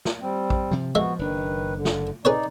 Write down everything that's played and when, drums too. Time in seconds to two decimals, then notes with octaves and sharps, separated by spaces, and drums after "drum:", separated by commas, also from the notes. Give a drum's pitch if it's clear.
0.05 drum: snare
0.21 G3 C4
0.50 drum: kick
0.71 C3 F3
0.95 F3 G#3 B3 F#4 E5
1.19 F#1 D#3 D4 B4
1.76 D3
1.85 drum: snare
2.25 D#4 G#4 B4 C#5 D5